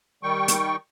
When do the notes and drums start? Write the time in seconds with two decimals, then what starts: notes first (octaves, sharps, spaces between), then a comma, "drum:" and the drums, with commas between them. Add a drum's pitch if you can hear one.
0.23 D#3 G3 G5 C#6
0.48 drum: hi-hat